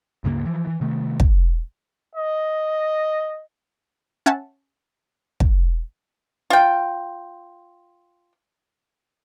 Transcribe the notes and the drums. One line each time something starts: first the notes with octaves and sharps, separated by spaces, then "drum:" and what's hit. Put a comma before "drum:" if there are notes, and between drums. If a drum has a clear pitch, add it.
C#2 G2 C#3 A#3
E3 F3
E3
C3 D#3 A3
drum: kick
D#5
C#4 E5 F#5 A5
drum: kick
F4 G5